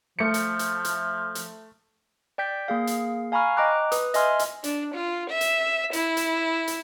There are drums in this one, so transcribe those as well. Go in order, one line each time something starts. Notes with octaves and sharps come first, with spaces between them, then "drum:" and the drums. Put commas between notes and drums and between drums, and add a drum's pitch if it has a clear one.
F3 A3 C#7
drum: hi-hat
drum: hi-hat
drum: hi-hat
drum: hi-hat
D5 G5 G6 B6
A#3 G#4 F5
drum: hi-hat
F5 G#5 A#5 B5 C#6 F6
D#5 G5 A#5 D6 F#6
B4 D#6, drum: hi-hat
D#5 E5 G#5 C6 F6, drum: hi-hat
drum: hi-hat
D4, drum: hi-hat
F4
E5
drum: hi-hat
E4, drum: hi-hat
drum: hi-hat
drum: hi-hat